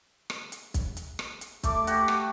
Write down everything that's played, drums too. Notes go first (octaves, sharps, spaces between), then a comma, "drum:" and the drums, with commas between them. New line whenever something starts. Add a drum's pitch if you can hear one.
drum: rim click
drum: hi-hat
drum: kick, hi-hat
drum: hi-hat
drum: rim click
drum: hi-hat
A3 D6, drum: kick, hi-hat
F#4 G4, drum: hi-hat
drum: rim click